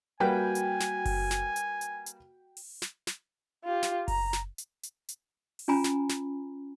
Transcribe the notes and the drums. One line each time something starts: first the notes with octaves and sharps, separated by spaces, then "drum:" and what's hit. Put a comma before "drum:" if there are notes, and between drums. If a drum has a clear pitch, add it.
G3 A#3 F#4 B4 G5 G#5
drum: hi-hat
drum: snare
drum: kick F#1, open hi-hat
drum: snare
drum: hi-hat
drum: hi-hat
drum: hi-hat
drum: open hi-hat
drum: snare
drum: snare
F4 G4
drum: snare
A#5, drum: kick F#1, open hi-hat
drum: snare
drum: hi-hat
drum: hi-hat
drum: hi-hat
drum: open hi-hat
C#4 F4 G#5 A#5 B5
drum: snare
drum: snare